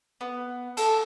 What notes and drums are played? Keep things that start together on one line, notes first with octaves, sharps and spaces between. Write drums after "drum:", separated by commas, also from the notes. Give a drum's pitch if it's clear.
B3
A4, drum: cymbal